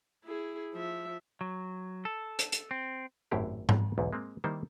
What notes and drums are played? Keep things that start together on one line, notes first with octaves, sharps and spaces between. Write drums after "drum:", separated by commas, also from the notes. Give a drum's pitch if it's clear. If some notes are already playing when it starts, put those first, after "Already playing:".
E4 G#4
F3 E5
F#3
A4
drum: hi-hat
drum: hi-hat
C4
G#1 F#2 A2 E4 G4 F5
drum: tom G#2
B1 E2 G#2
G#3 A#3 C4
D#3 G3 A#3 D#4 E4 C5